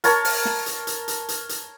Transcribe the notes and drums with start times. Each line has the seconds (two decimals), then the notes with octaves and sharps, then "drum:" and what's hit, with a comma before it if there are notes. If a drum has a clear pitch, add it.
0.04 A#4 C#5 A5, drum: hi-hat
0.25 drum: open hi-hat
0.45 drum: snare
0.66 drum: hi-hat
0.87 drum: hi-hat
1.08 drum: hi-hat
1.29 drum: hi-hat
1.49 drum: hi-hat